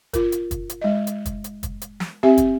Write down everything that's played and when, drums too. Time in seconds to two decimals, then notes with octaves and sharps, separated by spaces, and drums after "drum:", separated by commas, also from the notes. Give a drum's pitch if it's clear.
0.13 F4 A#4, drum: kick, hi-hat
0.32 drum: hi-hat
0.51 drum: kick, hi-hat
0.69 drum: hi-hat
0.81 G#3 D#5
1.07 drum: hi-hat
1.25 drum: kick, hi-hat
1.44 drum: hi-hat
1.63 drum: kick, hi-hat
1.81 drum: hi-hat
2.00 drum: snare
2.23 C4 G4 E5 G#5
2.37 drum: kick, hi-hat